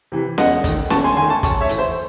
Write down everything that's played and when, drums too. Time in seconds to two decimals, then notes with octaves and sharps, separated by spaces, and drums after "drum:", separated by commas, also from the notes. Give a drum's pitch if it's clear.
0.12 C3 E3
0.38 E2 D#5 F#5, drum: snare C#4
0.64 D#3 A3, drum: kick, hi-hat
0.90 E2 A5 C#6, drum: snare C#4
1.04 G#5 C6
1.17 D#3 A3 G#5 C6
1.30 A5 C#6
1.43 F#2 A5 C#6, drum: kick, hi-hat
1.61 C#5 E5
1.69 E3 A3, drum: hi-hat
1.78 C5